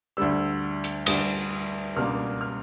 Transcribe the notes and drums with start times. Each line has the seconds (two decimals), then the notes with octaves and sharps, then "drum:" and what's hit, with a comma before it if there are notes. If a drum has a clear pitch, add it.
0.17 D2 D3 G3 E6
0.84 drum: hi-hat
1.06 D2 D3 G3 D#6, drum: cymbal
1.96 C#2 B2 G3 A#3 D4 F6
2.41 F6